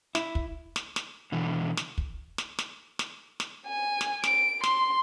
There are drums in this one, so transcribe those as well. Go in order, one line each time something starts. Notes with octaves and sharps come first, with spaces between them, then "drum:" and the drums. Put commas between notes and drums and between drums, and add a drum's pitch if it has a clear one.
E4, drum: snare
drum: kick
drum: snare
drum: snare
B2 D3 E3
drum: snare
drum: kick
drum: snare
drum: snare
drum: snare
drum: snare
G#5
drum: snare
D7, drum: snare
C6, drum: snare